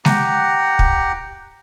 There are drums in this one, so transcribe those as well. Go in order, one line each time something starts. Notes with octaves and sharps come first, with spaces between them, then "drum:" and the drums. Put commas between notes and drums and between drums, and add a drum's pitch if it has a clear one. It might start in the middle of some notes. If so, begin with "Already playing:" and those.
G4 F#5 G5 A#5, drum: snare G#3
drum: kick